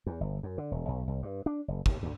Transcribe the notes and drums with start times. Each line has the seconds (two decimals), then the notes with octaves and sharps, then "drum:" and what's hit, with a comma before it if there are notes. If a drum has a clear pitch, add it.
0.06 E2
0.21 G1
0.43 F#2
0.58 D3
0.71 E1
0.88 B1
1.08 C2
1.23 G2
1.46 D4
1.68 F#1
1.86 D#2, drum: kick
2.03 D2